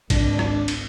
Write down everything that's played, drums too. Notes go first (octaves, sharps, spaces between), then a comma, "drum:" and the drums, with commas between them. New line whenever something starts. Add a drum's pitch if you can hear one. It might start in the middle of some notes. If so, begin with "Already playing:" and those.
G#1 C#2 D4, drum: kick, cymbal
drum: rim click
drum: cymbal